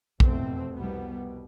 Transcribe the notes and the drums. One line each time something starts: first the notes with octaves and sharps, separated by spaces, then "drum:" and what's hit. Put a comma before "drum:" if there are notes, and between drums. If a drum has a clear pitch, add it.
F1 E2 B2 A3 C4, drum: kick A#1
C2 B2 G3 B3